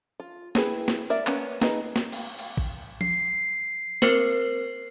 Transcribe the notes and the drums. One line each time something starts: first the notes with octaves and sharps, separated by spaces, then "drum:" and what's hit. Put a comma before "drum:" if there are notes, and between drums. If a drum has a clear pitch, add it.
F4
C4 D4 E4 G#4 B4, drum: snare
drum: snare
A#4 D5 E5
A#3 B3 C#4, drum: clap
D#4 G#4 B4 D#5, drum: snare
drum: snare
drum: cymbal
drum: cymbal
drum: kick
C7, drum: tom F3
C4 A#4 C5, drum: snare